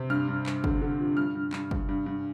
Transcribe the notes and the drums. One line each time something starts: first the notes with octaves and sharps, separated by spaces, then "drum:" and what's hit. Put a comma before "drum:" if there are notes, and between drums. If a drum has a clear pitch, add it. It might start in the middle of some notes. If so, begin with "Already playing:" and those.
Already playing: C3
G2 F6
G2
G2, drum: clap
D3, drum: kick
D3
F3
G2 F6
G2
G2, drum: clap
G2, drum: kick
G2
G2